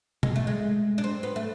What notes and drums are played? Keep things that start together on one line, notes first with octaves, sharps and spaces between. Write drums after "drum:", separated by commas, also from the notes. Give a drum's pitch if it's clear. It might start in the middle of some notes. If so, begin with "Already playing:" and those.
G#3, drum: tom B2
A3
G#3
D4
C4
B3
A3